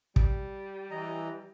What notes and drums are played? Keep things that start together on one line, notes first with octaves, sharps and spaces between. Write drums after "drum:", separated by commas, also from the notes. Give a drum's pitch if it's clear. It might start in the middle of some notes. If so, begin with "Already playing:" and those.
G3, drum: kick
E3 D#5 A#5